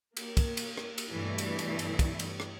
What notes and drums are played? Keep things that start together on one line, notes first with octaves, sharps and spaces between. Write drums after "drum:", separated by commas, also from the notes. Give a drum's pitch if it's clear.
A#3, drum: cymbal
drum: kick, cymbal
drum: cymbal
drum: rim click
drum: cymbal
G2 B2 E3 A3
drum: cymbal
drum: cymbal
drum: cymbal
drum: kick, cymbal
drum: cymbal
drum: rim click